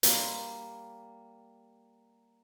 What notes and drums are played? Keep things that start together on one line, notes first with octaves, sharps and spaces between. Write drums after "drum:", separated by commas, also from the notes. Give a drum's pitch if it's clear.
G3 A#3 B5 C6, drum: hi-hat